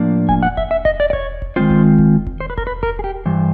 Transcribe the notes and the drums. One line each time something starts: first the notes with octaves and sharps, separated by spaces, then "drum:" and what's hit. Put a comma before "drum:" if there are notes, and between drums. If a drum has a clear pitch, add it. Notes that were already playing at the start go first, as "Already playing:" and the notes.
Already playing: A2 F3 A#3 D4
G#5, drum: kick E1
F#5
E5, drum: kick E1
E5
D#5, drum: kick E1
D5
D5
C#5, drum: kick E1
drum: kick E1
D#3 G#3 C4 F4 C5
drum: kick E1
drum: kick E1
drum: kick E1
C5
B4
A#4, drum: kick E1
B4
A#4, drum: kick E1
G#4
G4
G2 E3 C5